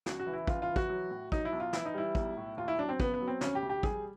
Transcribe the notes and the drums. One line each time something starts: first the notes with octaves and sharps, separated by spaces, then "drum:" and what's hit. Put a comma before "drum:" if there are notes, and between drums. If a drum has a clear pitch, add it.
C#2 F#4, drum: snare
F#4
E3
E4
C#2 F4, drum: kick
F4
E3
F#4, drum: kick
F#3
A2
F#3 D#4, drum: kick
E4
B1
F4
E3 E4, drum: snare
D#4
G3 E4
B1, drum: kick
A2
D#2 F4
E4
F#3 D4
C4
C#3 B3, drum: kick
B3
F#3
C4
D2 C#4, drum: snare
G4
D2
G4
G3 G#4, drum: kick